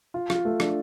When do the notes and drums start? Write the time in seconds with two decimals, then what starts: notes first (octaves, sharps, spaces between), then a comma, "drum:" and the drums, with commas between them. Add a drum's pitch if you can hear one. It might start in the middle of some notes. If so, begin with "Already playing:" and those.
0.14 F4
0.30 F4, drum: rim click
0.45 A3
0.60 D4, drum: rim click